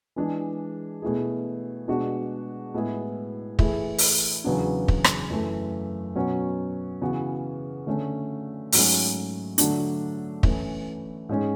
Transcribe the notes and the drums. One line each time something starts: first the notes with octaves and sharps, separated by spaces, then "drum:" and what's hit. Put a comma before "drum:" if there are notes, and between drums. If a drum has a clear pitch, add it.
E3 G#3 D4 G#4
B2 A3 E4 G#4
B2 G#3 D4 F#4
A2 G#3 B3 E4 G#4
E3 A3 E4 G#4, drum: kick
drum: open hi-hat
E2 C#3 F#3 B3 D4
drum: kick
drum: rim click
F#2 E3 A3
B2 F#3 C#4 F#4
C#3 E3 B3 F#4
D3 A3 C#4
G#2 F#3 A3 C#4, drum: open hi-hat
D3 F#3 A3 D4, drum: hi-hat
E3 A3 C#4 E4, drum: kick
G#2 G#3 C#4 G#4